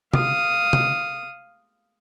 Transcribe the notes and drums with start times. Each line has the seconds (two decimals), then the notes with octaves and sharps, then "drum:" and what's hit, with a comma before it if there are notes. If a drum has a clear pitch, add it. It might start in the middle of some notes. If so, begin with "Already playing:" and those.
0.13 F5 D#6, drum: tom C3
0.73 drum: tom C3